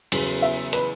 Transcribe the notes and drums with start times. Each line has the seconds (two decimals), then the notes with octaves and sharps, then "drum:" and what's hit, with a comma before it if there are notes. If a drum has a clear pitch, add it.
0.12 E2 C#3 F#3 B3, drum: cymbal
0.42 E5
0.73 B4, drum: hi-hat